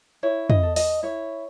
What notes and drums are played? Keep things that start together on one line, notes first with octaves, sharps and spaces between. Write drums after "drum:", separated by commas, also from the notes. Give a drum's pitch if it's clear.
E4 C#5
D#5, drum: tom
A4
D#5, drum: open hi-hat
E4 C#5